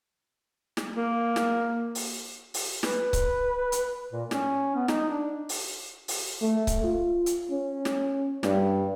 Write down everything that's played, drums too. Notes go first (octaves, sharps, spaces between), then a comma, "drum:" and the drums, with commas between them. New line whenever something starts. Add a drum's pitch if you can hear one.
drum: snare
A#3
drum: snare
drum: open hi-hat
drum: open hi-hat
B4, drum: snare
drum: kick C#1, hi-hat
drum: hi-hat
A#2
C#4, drum: snare
B3
D#4, drum: snare
D4
drum: open hi-hat
drum: open hi-hat
A3
drum: kick C#1, hi-hat
F4
drum: hi-hat
C#4
drum: snare
G2, drum: snare